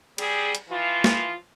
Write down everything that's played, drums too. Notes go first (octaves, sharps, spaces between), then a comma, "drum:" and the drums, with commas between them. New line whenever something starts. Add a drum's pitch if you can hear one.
G3 C4 G#4, drum: cymbal
drum: hi-hat
E3 F3 F4
drum: snare